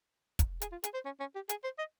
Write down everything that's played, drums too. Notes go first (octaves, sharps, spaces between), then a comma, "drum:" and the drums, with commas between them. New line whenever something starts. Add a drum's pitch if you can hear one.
drum: kick, hi-hat
G#4, drum: hi-hat
F4
G#4, drum: hi-hat
C5
C#4
C#4
G4
G#4, drum: hi-hat
C5
D#5